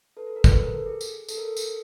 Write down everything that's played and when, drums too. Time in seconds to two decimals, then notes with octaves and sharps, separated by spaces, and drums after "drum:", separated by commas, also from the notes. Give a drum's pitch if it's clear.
0.17 A4 B4
0.27 A4
0.36 A#4
0.44 A4 B4, drum: kick, tambourine
0.65 A#4
0.76 A4
0.86 G#4
1.01 drum: tambourine
1.28 A4, drum: tambourine
1.37 A#4
1.45 A4
1.57 drum: tambourine